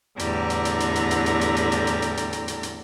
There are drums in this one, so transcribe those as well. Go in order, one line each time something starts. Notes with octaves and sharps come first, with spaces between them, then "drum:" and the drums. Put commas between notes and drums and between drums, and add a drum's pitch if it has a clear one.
E2 A2 D3 G3 A#5, drum: hi-hat
drum: hi-hat
drum: hi-hat
drum: hi-hat
drum: hi-hat
drum: hi-hat
drum: hi-hat
drum: hi-hat
drum: hi-hat
drum: hi-hat
drum: hi-hat
drum: hi-hat
drum: hi-hat
drum: hi-hat
drum: hi-hat
drum: hi-hat